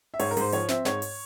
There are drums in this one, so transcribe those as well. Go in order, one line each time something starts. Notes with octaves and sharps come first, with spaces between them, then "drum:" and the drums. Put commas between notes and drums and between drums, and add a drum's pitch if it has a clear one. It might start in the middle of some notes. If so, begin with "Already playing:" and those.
E5
G#2 C#5, drum: open hi-hat
A#4
G#2 C5, drum: open hi-hat
F3 C#5, drum: hi-hat
C4 E5, drum: snare
G#2 C#5, drum: snare
drum: open hi-hat